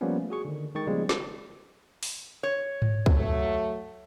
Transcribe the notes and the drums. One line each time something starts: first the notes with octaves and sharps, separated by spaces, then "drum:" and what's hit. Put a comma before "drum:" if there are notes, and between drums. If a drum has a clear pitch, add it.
F3 G3 A#3 B3 C#4
A3
F#4 G#4 C#6
D3 D#3
D#3 G#3 G5 C#6 A6
C#3 F3 G3 G#3 A#3 B3
drum: snare
drum: open hi-hat
C#5
drum: tom G#2
F#3 A3, drum: kick